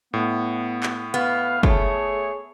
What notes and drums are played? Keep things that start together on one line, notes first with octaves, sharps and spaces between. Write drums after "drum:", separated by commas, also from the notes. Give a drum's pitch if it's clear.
A2 B3
drum: clap
B3 F5, drum: hi-hat
A3 G#4 C#5, drum: kick